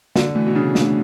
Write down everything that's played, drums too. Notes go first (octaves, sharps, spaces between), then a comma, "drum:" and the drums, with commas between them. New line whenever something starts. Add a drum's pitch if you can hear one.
D3 F#4, drum: snare
E3 A3
B2
C#3 D4
A3, drum: snare